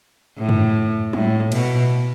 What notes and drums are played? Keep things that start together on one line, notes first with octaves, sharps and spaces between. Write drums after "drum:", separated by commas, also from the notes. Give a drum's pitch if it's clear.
A2
drum: tom F#2
A2, drum: tom F#3
B2, drum: cymbal